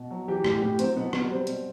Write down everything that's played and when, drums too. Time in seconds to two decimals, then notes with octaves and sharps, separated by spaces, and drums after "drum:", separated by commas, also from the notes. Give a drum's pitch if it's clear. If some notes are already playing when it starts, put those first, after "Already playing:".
Already playing: B2
0.11 F#3
0.28 E3 G4
0.44 A2 G4, drum: rim click
0.62 A2 G4
0.79 F#3 C4, drum: hi-hat
0.96 B2 B3
1.13 F#3 B3, drum: rim click
1.31 G3 C4
1.47 B2, drum: hi-hat